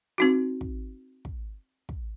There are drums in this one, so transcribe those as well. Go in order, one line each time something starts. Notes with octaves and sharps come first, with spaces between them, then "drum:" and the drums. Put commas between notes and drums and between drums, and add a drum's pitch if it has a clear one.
C4 D#4 F#4
drum: kick
drum: kick
drum: kick